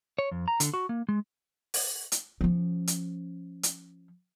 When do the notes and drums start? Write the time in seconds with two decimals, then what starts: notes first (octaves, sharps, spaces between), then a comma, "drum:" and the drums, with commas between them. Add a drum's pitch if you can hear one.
0.19 C#5
0.31 F2
0.48 A#5
0.60 D3, drum: hi-hat
0.74 F#4
0.89 A#3
1.09 G#3
1.74 drum: open hi-hat
2.12 drum: hi-hat
2.41 F3 C#4
2.87 drum: hi-hat
3.63 drum: hi-hat